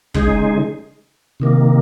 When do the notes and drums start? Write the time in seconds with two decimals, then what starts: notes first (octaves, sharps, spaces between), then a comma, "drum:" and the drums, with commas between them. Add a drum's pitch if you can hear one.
0.14 C#3 G#3 D#4 G#4, drum: kick
1.40 C3 D#3 A#3